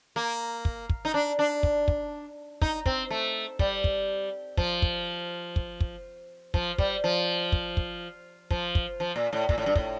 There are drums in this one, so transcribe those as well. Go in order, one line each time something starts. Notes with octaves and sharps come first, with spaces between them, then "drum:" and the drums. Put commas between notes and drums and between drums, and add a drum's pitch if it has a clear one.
A#3
drum: kick
drum: kick
D#4
D4
D4
drum: kick
drum: kick
D#4, drum: kick
C4, drum: kick
A3
G3, drum: kick
drum: kick
F3, drum: kick
drum: kick
drum: kick
drum: kick
F3, drum: kick
G3, drum: kick
F3
drum: kick
drum: kick
F3, drum: kick
drum: kick
F3
A#2
A2
A#2, drum: kick
A2
G2
A2, drum: kick